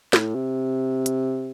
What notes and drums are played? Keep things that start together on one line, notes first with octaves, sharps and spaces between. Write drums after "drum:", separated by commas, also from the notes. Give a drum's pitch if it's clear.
A2, drum: snare
C3
drum: hi-hat